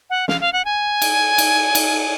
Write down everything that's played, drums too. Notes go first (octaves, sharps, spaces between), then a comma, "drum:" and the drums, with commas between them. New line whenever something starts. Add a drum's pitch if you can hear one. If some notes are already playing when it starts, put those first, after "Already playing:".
F#5
F5, drum: snare
F5
F#5
G#5
drum: cymbal
drum: cymbal
drum: cymbal